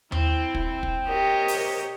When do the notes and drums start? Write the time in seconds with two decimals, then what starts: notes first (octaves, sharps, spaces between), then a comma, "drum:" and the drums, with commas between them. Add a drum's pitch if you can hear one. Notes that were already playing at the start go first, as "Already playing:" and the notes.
0.12 C4 E4, drum: tom D#2
0.55 drum: kick
0.83 drum: kick
1.08 G4 A#4 C#5 D#5
1.48 drum: open hi-hat